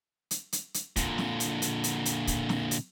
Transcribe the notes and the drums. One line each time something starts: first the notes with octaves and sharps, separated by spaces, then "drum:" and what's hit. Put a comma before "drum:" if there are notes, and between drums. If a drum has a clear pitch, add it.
drum: hi-hat
drum: hi-hat
drum: hi-hat
A#2 D3, drum: kick, hi-hat
drum: snare
drum: hi-hat
drum: hi-hat
drum: hi-hat
drum: hi-hat
drum: kick, hi-hat
drum: snare
drum: hi-hat